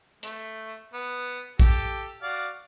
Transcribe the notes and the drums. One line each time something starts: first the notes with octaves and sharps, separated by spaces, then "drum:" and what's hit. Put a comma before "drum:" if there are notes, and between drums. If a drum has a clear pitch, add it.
A3, drum: hi-hat
B3
G4 A4, drum: kick A#1
F#4 D5 F5